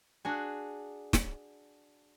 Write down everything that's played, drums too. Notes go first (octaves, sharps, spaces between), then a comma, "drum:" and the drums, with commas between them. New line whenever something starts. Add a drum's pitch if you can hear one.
D4 F#4 G#4
drum: snare